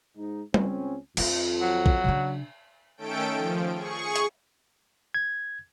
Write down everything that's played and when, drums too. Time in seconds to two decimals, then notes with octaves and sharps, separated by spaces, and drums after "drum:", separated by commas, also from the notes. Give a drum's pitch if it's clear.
0.17 G#2 D#4
0.54 C#2 C4 C#4, drum: tom
1.17 F2 D#3 F4, drum: cymbal
1.61 F#3
1.86 drum: kick
2.04 C#3 D4
2.97 D#3 A3 C#4 A4 G5 D7
3.35 F3
3.75 G#4 C#6
4.16 drum: hi-hat
5.14 G#6